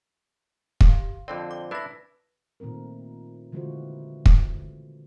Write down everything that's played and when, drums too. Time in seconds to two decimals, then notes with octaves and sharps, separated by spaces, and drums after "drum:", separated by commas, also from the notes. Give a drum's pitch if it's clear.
0.81 G4 F5, drum: kick
1.28 F2 D3 C4 D5
1.51 D6
1.71 D4 E4 B4 A#6
2.60 A#2 D#3 A3 C4 A#4
3.52 D3 E3 G#3 F4 F#4 C5
4.26 drum: kick